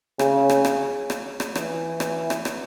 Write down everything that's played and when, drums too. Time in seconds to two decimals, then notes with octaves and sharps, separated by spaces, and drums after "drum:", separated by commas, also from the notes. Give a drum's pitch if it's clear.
0.19 C#3, drum: rim click
0.49 drum: rim click
0.65 drum: rim click
1.10 drum: rim click
1.40 drum: rim click
1.55 E3, drum: rim click
2.00 drum: rim click
2.30 drum: rim click
2.45 drum: rim click